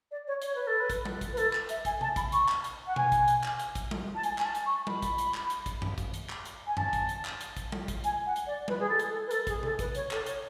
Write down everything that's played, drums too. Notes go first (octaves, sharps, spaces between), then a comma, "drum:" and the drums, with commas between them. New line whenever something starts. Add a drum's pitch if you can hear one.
D5
C#5
C#5, drum: hi-hat
B4
A4
B4
drum: kick, hi-hat
drum: tom G3
drum: kick, hi-hat
B4
A4, drum: hi-hat
drum: clap
E5, drum: hi-hat
G#5, drum: kick, hi-hat
A5, drum: tom C3
B5, drum: kick, hi-hat
C#6, drum: hi-hat
drum: clap
drum: hi-hat
F#5
G#5, drum: tom B2
drum: kick, hi-hat
drum: hi-hat
drum: clap
drum: hi-hat
drum: kick, hi-hat
drum: tom G3
A5
G#5, drum: hi-hat
G#5, drum: clap
A5
drum: hi-hat
C#6
B5, drum: tom G3
drum: kick, hi-hat
drum: hi-hat
drum: clap
drum: hi-hat
drum: kick, hi-hat
drum: tom F#2
drum: kick, hi-hat
drum: hi-hat
drum: clap
drum: hi-hat
G#5
A5, drum: tom F#2
drum: kick, hi-hat
drum: hi-hat
drum: clap
drum: hi-hat
drum: kick, hi-hat
drum: tom G3
drum: kick, hi-hat
G#5, drum: hi-hat
F#5
drum: hi-hat
D5
B4, drum: tom G3
G#4
A4
drum: hi-hat
A4
B4
A4, drum: hi-hat
G#4, drum: kick, hi-hat
A4, drum: tom C3
B4, drum: kick, hi-hat
C#5, drum: hi-hat
A4, drum: clap
C#5, drum: hi-hat